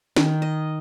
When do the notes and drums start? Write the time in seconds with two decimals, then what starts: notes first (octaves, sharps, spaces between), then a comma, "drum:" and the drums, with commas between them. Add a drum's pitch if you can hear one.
0.16 D#3, drum: snare
0.42 D#5